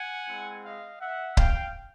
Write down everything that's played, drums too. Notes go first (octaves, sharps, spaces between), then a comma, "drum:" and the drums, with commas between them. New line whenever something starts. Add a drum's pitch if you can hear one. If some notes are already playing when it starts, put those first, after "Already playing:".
Already playing: F#5 G#5
G#3 C4 E4
D#5 F5
E5 F#5
F5 G5, drum: kick C#1